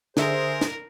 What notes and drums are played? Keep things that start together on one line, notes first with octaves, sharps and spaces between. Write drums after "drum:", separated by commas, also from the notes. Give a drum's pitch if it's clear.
D3 G#4 A#4 C5 E5, drum: snare
drum: snare